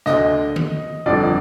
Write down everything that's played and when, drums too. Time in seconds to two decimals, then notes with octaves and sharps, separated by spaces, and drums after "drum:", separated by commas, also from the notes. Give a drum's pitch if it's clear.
0.06 D2 D3 D#5, drum: snare
0.56 drum: tom D3
1.06 G1 F2 D3 D5